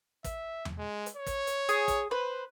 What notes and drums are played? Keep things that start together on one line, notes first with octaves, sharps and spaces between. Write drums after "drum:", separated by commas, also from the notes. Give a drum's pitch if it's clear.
E5, drum: kick, hi-hat
drum: tom E2
G#3
drum: hi-hat
C#5
drum: kick, hi-hat
drum: hi-hat
G#4, drum: hi-hat
drum: kick, hi-hat
B4 C5